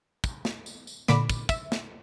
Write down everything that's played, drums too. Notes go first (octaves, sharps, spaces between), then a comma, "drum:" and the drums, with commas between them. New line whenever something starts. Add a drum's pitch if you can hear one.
drum: kick, tambourine
drum: snare
drum: tambourine
drum: tambourine
A#2 D3 B5 D6, drum: snare
drum: kick, tambourine
E5, drum: kick, tambourine
drum: snare